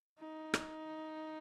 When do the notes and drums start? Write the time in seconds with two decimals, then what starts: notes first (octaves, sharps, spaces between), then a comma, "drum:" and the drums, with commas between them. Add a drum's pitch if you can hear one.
0.20 D#4
0.54 drum: rim click